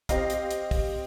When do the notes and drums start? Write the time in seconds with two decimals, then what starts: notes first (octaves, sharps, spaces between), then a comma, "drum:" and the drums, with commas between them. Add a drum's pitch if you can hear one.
0.09 C4 G4 D#5 F5, drum: kick, hi-hat
0.30 drum: hi-hat
0.51 drum: hi-hat
0.71 drum: kick, open hi-hat